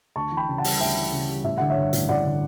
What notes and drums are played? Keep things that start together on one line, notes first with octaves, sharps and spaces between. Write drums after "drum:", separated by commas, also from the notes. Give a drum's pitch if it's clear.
D2 A5 C#6
E3
G5 B5
C#3
F#5 A5
G3, drum: open hi-hat
D2 E5 G5
E3
C#3
G3
A1 E5
D3 F#5
C#5 E5
G2
A1, drum: hi-hat
A1 D5 F#5
D3